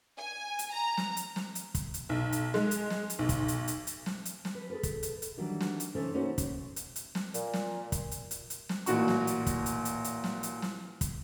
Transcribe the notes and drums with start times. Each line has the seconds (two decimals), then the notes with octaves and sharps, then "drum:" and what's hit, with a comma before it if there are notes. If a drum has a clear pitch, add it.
0.16 G#5
0.59 drum: hi-hat
0.72 A#5
0.97 drum: snare
1.17 drum: hi-hat
1.36 drum: snare
1.55 drum: hi-hat
1.75 drum: kick, hi-hat
1.94 drum: hi-hat
2.09 B1
2.32 drum: hi-hat
2.54 G#3, drum: snare
2.71 drum: hi-hat
2.90 drum: snare
3.10 drum: hi-hat
3.19 B1
3.29 drum: kick, hi-hat
3.48 drum: hi-hat
3.68 drum: hi-hat
3.87 drum: hi-hat
4.06 drum: snare
4.25 drum: hi-hat
4.45 drum: snare
4.55 B4
4.70 G#4 A4 B4
4.83 drum: kick, hi-hat
5.03 drum: hi-hat
5.22 drum: hi-hat
5.37 D#3 E3 F#3 G3 D4
5.61 drum: snare
5.80 drum: hi-hat
5.95 C3 E3 C#4 D#4 A4 C5
6.14 A#3 C#4 D#4 E4 F#4 C5
6.38 drum: kick, hi-hat
6.76 drum: hi-hat
6.96 drum: hi-hat
7.15 drum: snare
7.34 A#2, drum: hi-hat
7.53 drum: snare
7.92 drum: kick, hi-hat
8.11 drum: hi-hat
8.31 drum: hi-hat
8.50 drum: hi-hat
8.69 drum: snare
8.86 A1 A#2 F#4 C#6, drum: hi-hat
9.08 drum: snare
9.27 drum: hi-hat
9.46 drum: kick, hi-hat
9.66 drum: hi-hat
9.85 drum: hi-hat
10.04 drum: hi-hat
10.24 drum: snare
10.43 drum: hi-hat
10.62 drum: snare
11.01 drum: kick, hi-hat